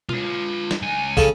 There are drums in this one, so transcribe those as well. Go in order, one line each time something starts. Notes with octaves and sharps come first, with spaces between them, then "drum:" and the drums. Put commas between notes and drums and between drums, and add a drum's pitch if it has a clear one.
F4 B4, drum: tom B2
drum: snare
C#2 G#5
C#3 A4, drum: kick